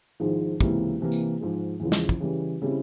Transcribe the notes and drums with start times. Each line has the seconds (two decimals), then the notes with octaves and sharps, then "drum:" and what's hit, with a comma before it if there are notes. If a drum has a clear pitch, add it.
0.20 G#1 G#2 F3 G#3 E4
0.61 C#2 C3 E3 A#3 E4, drum: kick
1.01 C3 E3 A#3
1.12 drum: tambourine
1.40 G#2 F3 G#3
1.80 E2 C#3 F3
1.92 drum: snare
2.09 drum: kick
2.20 C#3 E3 G3
2.62 C#3 G3 C4 E4